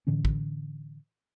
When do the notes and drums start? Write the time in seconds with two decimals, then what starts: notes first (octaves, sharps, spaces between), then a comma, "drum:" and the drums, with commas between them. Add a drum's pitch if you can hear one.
0.07 A2 D3 E3 C#4
0.25 drum: kick